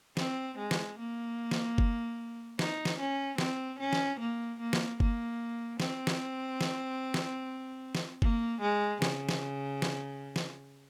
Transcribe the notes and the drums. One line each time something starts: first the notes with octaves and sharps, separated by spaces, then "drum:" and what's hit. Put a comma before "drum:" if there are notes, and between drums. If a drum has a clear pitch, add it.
C4, drum: snare
G#3
drum: snare
A#3
drum: snare
drum: kick F#1
D#4, drum: snare
drum: snare
C#4
C4, drum: snare
C#4
drum: snare
A#3
A#3
drum: snare
A#3, drum: kick F#1
C4, drum: snare
drum: snare
drum: snare
drum: snare
drum: snare
A#3, drum: kick F#1
G#3
C#3, drum: snare
drum: snare
drum: snare
drum: snare